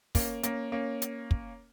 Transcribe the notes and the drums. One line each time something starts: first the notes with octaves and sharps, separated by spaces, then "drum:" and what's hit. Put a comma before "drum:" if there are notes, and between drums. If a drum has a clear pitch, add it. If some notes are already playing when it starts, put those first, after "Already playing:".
A#3 C#4, drum: kick, open hi-hat
A#3 C#4, drum: hi-hat
A#3 C#4
drum: hi-hat
drum: kick